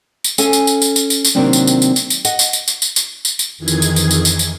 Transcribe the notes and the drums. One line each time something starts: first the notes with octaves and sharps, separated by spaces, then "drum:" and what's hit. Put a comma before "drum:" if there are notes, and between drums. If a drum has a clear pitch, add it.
drum: tambourine
C#4 A4 F5 G#5, drum: tambourine
drum: tambourine
drum: tambourine
drum: tambourine
drum: tambourine
drum: tambourine
drum: tambourine
C3 D#3 F#3 A#3 C4 D4
drum: tambourine
drum: tambourine
drum: tambourine
drum: tambourine
drum: tambourine
D#5 F#5, drum: tambourine
drum: tambourine
drum: tambourine
drum: tambourine
drum: tambourine
drum: tambourine
drum: tambourine
drum: tambourine
F2 D#3 E3 G#4 G#6
drum: tambourine
drum: tambourine
drum: tambourine
drum: tambourine
drum: tambourine
drum: tambourine